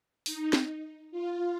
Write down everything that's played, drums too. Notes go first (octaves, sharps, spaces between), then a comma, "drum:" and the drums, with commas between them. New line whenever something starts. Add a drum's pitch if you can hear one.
D#4, drum: open hi-hat
drum: snare C4
F4